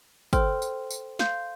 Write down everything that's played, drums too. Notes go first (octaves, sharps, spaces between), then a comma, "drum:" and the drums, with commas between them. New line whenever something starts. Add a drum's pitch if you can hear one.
A4 C5 G5 C6 F6, drum: kick, tambourine
drum: tambourine
drum: tambourine
F5 C6 G6, drum: snare